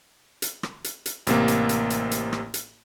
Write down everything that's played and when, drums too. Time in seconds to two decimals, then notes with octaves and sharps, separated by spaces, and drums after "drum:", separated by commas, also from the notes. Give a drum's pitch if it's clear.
0.42 drum: hi-hat
0.63 drum: rim click
0.84 drum: hi-hat
1.06 drum: hi-hat
1.27 A1 C3 A#3, drum: hi-hat
1.48 drum: hi-hat
1.69 drum: hi-hat
1.90 drum: hi-hat
2.11 drum: hi-hat
2.33 drum: rim click
2.54 drum: hi-hat